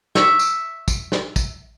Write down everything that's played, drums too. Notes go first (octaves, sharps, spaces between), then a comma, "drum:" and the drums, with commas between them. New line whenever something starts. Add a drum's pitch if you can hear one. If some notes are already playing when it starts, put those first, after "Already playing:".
E5 C#6, drum: snare
drum: tambourine
drum: kick, tambourine
drum: snare
drum: kick, tambourine